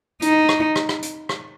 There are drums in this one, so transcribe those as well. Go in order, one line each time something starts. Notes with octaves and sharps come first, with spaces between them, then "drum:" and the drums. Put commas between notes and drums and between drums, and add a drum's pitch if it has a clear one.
D#4, drum: hi-hat
drum: rim click
drum: rim click
drum: rim click
drum: hi-hat
drum: rim click